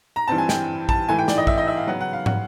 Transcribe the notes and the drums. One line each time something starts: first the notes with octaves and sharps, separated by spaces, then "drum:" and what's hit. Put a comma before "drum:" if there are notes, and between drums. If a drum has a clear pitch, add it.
A#5
G2 E3 G3 C4 A5
G#5
G5, drum: snare
A5, drum: kick
G#2 E3 A3 G#5
G5
D5, drum: snare
D#5
E5, drum: kick
D#5
E5
F5
C#3 F#3 B3 F#5
F#5
F5
F#5, drum: tom